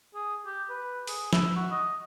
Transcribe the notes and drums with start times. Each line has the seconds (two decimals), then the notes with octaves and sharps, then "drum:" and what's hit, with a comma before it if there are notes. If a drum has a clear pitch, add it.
0.15 G#4
0.46 G4
0.70 B4
1.07 G#4, drum: open hi-hat
1.33 E4, drum: snare
1.56 F#4
1.71 D#5